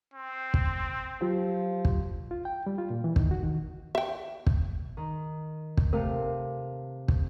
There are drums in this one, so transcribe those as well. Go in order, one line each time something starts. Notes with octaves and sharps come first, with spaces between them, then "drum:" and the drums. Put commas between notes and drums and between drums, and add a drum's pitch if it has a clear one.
C4
drum: kick
F3 F#3 F4 G4
drum: kick
F4
G5
G3
F4
A#2
E3
D#3, drum: kick
F#4
D#3
E5 G5
drum: kick
D#3
drum: kick
C3 A3 A#4 F5
drum: kick